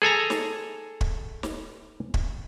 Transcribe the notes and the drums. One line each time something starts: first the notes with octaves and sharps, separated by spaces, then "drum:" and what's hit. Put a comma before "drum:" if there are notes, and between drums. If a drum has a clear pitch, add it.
G#4 A4 G#5 A#5
drum: snare
drum: kick
drum: snare
drum: kick